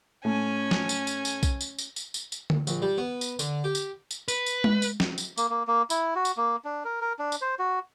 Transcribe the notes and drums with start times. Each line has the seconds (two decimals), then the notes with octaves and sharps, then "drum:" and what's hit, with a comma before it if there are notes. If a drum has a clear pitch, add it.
0.25 A2 C#4 G#5
0.71 drum: snare
0.89 drum: tambourine
1.07 drum: tambourine
1.25 drum: tambourine
1.43 drum: kick B1, tambourine
1.61 drum: tambourine
1.78 drum: tambourine
1.96 drum: tambourine
2.14 drum: tambourine
2.32 drum: tambourine
2.50 drum: tom D3
2.67 A#1, drum: tambourine
2.82 G3
2.98 B3
3.21 drum: tambourine
3.39 D3, drum: tambourine
3.64 G4
3.75 drum: tambourine
4.11 drum: tambourine
4.28 B4, drum: tambourine
4.46 drum: tambourine
4.64 drum: tom G#3
4.82 drum: tambourine
5.00 drum: snare
5.18 drum: tambourine
5.38 A#3, drum: tambourine
5.50 A#3
5.68 A#3
5.90 E4, drum: tambourine
6.15 F#4
6.25 drum: tambourine
6.37 A#3
6.64 D4
6.85 A#4
7.01 A#4
7.19 D4
7.32 drum: tambourine
7.41 C5
7.59 F#4